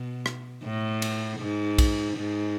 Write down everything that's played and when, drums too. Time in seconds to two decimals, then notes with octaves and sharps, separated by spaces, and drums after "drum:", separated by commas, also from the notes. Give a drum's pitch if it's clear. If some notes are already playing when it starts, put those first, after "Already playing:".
Already playing: B2
0.26 drum: rim click
0.64 A2
1.02 drum: cymbal
1.40 G#2
1.78 drum: kick B1, cymbal
2.17 G#2